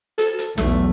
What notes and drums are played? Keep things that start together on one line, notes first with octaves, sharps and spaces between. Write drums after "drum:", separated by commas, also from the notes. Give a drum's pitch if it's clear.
A4, drum: hi-hat
drum: hi-hat
B1 E2 A3, drum: snare